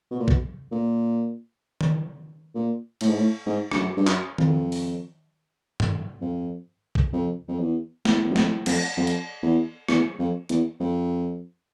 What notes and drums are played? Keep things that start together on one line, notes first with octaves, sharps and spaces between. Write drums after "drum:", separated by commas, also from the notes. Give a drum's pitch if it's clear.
B2
A#2
B2, drum: kick
A#2
drum: tom
A#2
A2, drum: cymbal
G#2
A2
G#2
G2, drum: rim click
F#2
G2
F#2, drum: clap
F2, drum: tom D#3
drum: open hi-hat
drum: tom G2
F2
drum: kick
F2
F2
E2
E2, drum: snare
E2
F#2
F2, drum: snare
F2, drum: cymbal
F2
drum: hi-hat
E2
E2, drum: rim click
F2
E2, drum: hi-hat
F2